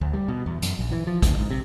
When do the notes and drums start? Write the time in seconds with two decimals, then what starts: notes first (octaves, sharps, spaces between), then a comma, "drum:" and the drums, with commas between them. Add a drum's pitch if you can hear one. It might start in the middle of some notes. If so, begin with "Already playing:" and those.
0.01 D2
0.13 G3
0.28 B2
0.46 E2
0.62 F#2, drum: hi-hat
0.79 A#1
0.92 E3
1.07 F3
1.22 D2, drum: kick, hi-hat
1.38 G#2
1.51 C3